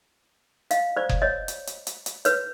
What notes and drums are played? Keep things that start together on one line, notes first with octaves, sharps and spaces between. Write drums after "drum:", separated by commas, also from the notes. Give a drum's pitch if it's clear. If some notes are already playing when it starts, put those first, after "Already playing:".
D#5 F5, drum: hi-hat
C5 D5
drum: kick F#1
C#5 D#5
drum: hi-hat
drum: hi-hat
drum: hi-hat
drum: hi-hat
B4 C#5, drum: hi-hat